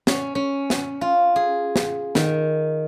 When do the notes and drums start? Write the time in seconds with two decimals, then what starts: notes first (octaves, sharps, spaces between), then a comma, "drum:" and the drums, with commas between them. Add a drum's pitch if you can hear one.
0.07 C#4, drum: snare
0.35 C#4
0.70 drum: snare
1.01 F4
1.36 G#4
1.76 drum: snare
2.15 D#3, drum: snare